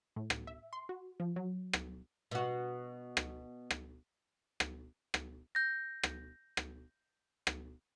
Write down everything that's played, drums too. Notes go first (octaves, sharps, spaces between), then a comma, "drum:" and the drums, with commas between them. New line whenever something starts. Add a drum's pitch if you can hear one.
A2
drum: rim click
E5
C6
F#4
F3
F#3
drum: rim click
B2 F#4
drum: rim click
drum: rim click
drum: rim click
drum: rim click
G6 A#6
drum: rim click
drum: rim click
drum: rim click